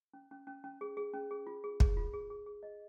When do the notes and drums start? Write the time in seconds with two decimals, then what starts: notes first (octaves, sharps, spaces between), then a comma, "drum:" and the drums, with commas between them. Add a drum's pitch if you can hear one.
0.14 C#4
0.31 C#4
0.47 C#4
0.64 C#4
0.81 G#4
0.97 G#4
1.14 C#4
1.31 G#4
1.47 F4
1.64 G#4
1.80 G#4, drum: kick
1.97 F4
2.14 G#4
2.30 G#4
2.46 G#4
2.63 D#5